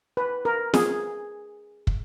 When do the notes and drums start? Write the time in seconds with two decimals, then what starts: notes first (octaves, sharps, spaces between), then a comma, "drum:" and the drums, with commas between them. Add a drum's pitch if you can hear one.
0.17 B4
0.45 A#4
0.74 G#4, drum: snare
1.87 drum: kick